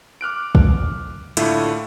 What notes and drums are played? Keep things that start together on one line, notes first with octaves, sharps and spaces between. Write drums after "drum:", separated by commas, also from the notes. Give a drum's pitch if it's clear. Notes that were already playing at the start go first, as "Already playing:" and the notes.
D6 F6 F#6 D7
drum: kick
A2 D3 A3 A#3 E4 F4, drum: hi-hat